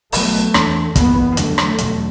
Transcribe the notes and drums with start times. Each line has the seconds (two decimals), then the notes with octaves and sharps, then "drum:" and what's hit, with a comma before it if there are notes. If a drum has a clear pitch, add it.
0.12 B1 B2 F#3 A3 B3, drum: open hi-hat
0.54 E2 E3 D4, drum: rim click
0.96 F#1 F#2 E3 B3, drum: kick, hi-hat
1.37 E2 D3 F#3 A3 D4, drum: hi-hat
1.58 drum: rim click
1.78 E2 B2 F#3, drum: hi-hat